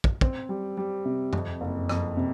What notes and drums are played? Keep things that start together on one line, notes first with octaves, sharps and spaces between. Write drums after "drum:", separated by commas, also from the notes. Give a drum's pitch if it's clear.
drum: kick
C4, drum: kick
G3
G3
C3
F2, drum: tom F#2
F#1
F2, drum: rim click
C3